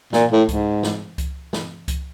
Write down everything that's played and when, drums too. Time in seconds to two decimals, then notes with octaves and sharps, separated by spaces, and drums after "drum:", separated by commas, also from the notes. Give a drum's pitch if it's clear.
0.13 A#2, drum: snare
0.31 A2
0.49 G#2, drum: kick C#2, hi-hat
0.83 drum: snare
1.18 drum: kick C#2, hi-hat
1.53 drum: snare
1.88 drum: kick C#2, hi-hat